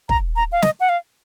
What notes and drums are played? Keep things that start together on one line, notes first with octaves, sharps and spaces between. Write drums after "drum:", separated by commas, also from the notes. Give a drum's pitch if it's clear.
A#5, drum: kick
A#5
F5
D#5, drum: snare
F#5
F5